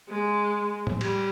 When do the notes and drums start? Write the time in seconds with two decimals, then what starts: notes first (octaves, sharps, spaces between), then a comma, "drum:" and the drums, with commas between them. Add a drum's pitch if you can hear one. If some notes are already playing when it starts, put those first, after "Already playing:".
0.09 G#3
0.87 drum: tom A2
1.01 G3, drum: cymbal